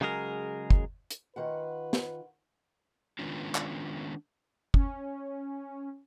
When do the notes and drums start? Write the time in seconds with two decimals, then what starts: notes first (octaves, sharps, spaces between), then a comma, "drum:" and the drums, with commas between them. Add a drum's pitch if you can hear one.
0.01 C#3 F#3 G#3 G#4 A#4
0.70 drum: kick
1.11 drum: hi-hat
1.36 D#3 F4 B4 F#5
1.93 drum: snare
3.19 D#3 G#3 B3 C#4 D4 F4
3.55 drum: clap
4.74 C#4, drum: kick